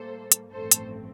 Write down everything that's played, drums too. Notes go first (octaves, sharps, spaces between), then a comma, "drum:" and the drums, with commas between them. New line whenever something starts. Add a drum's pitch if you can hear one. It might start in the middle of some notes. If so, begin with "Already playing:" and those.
Already playing: A2 G3 A#3 A4 C5
drum: hi-hat
A1 G2 F3 A3 C4 A4 C5
drum: hi-hat